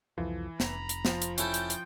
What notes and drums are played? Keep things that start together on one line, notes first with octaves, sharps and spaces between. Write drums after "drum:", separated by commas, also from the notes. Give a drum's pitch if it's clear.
C2 F2 E3 F3
F1 A#5 B5, drum: snare
drum: hi-hat
F3 F4, drum: snare
drum: hi-hat
C#4 E4 A4 G5 G6, drum: hi-hat
drum: hi-hat
drum: hi-hat